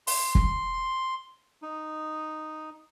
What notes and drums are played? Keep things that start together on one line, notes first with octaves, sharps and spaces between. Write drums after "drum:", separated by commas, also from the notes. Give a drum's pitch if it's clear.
C6, drum: open hi-hat
drum: kick
D#4